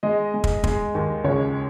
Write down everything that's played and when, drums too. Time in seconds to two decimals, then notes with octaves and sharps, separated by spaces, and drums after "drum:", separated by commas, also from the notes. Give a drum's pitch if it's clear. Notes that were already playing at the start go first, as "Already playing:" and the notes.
0.03 G#3 D#5
0.34 G#3
0.44 drum: kick
0.64 G#3, drum: kick
0.95 D#2
1.24 C#2 C#5